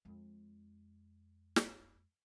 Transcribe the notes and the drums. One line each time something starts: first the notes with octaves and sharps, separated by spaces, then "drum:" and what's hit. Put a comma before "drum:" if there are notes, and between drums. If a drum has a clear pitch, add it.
F2 G#3
drum: snare